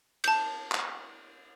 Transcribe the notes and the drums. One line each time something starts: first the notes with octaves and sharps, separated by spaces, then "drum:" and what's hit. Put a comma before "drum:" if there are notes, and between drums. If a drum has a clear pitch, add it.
A5 G6, drum: cymbal
drum: clap